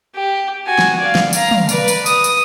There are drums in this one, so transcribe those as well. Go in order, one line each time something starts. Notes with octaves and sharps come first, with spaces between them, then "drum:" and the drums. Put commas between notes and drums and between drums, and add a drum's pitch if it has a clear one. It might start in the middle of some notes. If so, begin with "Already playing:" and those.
G4
F#4 G#5
drum: snare
D5 F5
drum: snare
F5 A#5, drum: tambourine
drum: tom
B4 D5, drum: tambourine
drum: tambourine
D#6, drum: tambourine
drum: tambourine